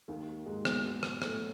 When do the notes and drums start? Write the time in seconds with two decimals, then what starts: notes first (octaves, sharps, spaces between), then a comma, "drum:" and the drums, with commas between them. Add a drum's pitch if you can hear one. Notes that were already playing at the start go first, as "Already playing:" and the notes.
0.08 D#2 D#3
0.46 G#2 G#3
0.65 B2 B3, drum: rim click
1.03 drum: rim click
1.22 A2 A3, drum: rim click
1.34 F#3